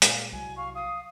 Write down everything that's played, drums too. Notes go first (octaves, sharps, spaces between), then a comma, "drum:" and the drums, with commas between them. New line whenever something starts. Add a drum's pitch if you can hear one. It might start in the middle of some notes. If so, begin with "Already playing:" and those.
A#2 G#3 F5, drum: hi-hat
C2 F#3 G#5
F5 C#6
F5 D#6